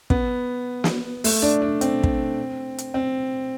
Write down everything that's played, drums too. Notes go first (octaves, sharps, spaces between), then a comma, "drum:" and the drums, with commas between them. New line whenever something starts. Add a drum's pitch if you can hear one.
B3, drum: kick
drum: snare
A3, drum: open hi-hat
D4
D4
C4, drum: hi-hat
drum: kick
drum: hi-hat
C4